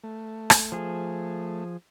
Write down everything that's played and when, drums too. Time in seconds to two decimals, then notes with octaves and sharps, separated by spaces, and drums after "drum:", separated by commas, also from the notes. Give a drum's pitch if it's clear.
0.04 A3
0.50 drum: rim click
0.72 F3 G#4